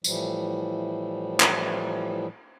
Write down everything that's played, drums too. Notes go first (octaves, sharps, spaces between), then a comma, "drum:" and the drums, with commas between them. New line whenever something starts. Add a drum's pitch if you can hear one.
A2 E3 F3 G3, drum: tambourine
drum: clap